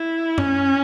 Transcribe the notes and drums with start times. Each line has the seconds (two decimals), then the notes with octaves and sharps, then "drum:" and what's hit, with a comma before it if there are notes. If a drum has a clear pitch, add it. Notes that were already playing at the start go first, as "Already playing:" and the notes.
Already playing: E4
0.38 C#4, drum: tom F#2